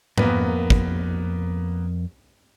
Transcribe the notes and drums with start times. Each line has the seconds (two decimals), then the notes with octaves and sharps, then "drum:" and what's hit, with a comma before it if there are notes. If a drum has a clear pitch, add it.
0.18 F2 A#3 B3 A#4 B4, drum: tom G#2
0.70 drum: kick